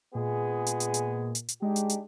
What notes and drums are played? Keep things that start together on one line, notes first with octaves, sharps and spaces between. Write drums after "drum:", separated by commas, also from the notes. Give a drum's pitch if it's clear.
A#2 G#3 B3 G#4
drum: hi-hat
drum: hi-hat
drum: hi-hat
drum: hi-hat
drum: hi-hat
G#3 D4 D#4 G4
drum: hi-hat
drum: hi-hat